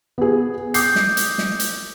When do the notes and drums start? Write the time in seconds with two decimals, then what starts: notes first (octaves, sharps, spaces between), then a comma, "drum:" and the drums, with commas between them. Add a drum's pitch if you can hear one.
0.18 B3 G#4
0.74 D6 D#6 G6 C7, drum: hi-hat
0.96 drum: snare
1.17 drum: hi-hat
1.38 drum: snare
1.60 drum: hi-hat